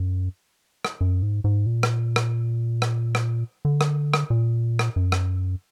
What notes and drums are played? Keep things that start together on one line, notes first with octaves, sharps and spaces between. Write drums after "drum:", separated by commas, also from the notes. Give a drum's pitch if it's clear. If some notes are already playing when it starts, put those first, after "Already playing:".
Already playing: F#2
drum: rim click
F#2
G#2
G#2
A#2
drum: rim click
drum: rim click
drum: rim click
drum: rim click
D3
drum: rim click
drum: rim click
A#2
drum: rim click
F#2
drum: rim click